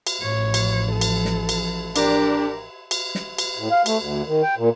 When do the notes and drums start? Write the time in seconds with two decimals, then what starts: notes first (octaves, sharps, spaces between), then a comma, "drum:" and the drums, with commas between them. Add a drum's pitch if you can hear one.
0.07 drum: cymbal
0.22 A1 A2 F3 C#5
0.54 drum: cymbal
0.92 A4
1.01 drum: cymbal
1.25 drum: snare
1.49 drum: cymbal
1.96 D4 G4 A#4, drum: cymbal
2.91 drum: cymbal
3.15 drum: snare
3.38 drum: cymbal
3.57 A2
3.71 F5
3.86 A3, drum: cymbal
3.99 D2
4.26 D#3
4.42 G5
4.57 A#2